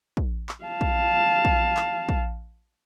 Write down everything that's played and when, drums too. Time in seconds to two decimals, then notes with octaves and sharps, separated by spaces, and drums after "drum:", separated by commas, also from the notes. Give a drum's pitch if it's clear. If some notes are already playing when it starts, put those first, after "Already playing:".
0.17 drum: kick
0.49 drum: clap
0.65 F5 A5
0.81 drum: kick
1.45 drum: kick
1.77 drum: clap
2.09 drum: kick